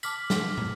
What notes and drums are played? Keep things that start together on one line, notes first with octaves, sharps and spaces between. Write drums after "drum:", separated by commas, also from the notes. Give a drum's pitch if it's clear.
A5 D6 F6 B6 F#7, drum: tambourine
drum: snare
drum: tom